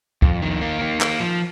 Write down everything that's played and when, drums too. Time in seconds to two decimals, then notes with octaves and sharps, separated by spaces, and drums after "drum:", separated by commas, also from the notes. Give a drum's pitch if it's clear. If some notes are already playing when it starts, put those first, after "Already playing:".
0.22 F2, drum: kick
0.42 D#3
0.61 A#3
0.81 D#3
1.01 A#3, drum: clap
1.20 F3